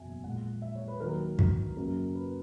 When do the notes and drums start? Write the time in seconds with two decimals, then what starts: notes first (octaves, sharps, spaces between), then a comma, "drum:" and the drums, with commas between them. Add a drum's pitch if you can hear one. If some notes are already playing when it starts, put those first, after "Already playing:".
Already playing: F#1 E2 B2 F#3 E5 G#5
0.24 A#1 A#2 G#3 F#5
0.62 E5
0.75 C#5
0.88 B4
1.00 D#2 D#3 F#3 A#4
1.39 drum: kick
1.77 F#2 C#3 F#3 A#3 A#4
2.15 B4